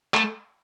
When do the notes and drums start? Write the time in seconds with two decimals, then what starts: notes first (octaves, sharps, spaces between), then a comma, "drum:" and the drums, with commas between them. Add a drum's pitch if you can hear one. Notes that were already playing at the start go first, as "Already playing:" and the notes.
0.14 A3, drum: clap